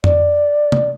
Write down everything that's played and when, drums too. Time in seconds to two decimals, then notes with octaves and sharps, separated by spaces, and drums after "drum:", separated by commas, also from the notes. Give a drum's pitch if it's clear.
0.04 D5, drum: tom F2
0.72 drum: tom C3